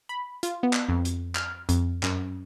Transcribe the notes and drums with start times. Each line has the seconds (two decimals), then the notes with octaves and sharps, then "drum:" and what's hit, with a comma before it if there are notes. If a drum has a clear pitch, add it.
0.09 B5
0.43 F4, drum: hi-hat
0.63 B3
0.73 drum: clap
0.89 F2
1.05 drum: hi-hat
1.35 F6, drum: clap
1.69 F2, drum: hi-hat
2.03 F#2, drum: clap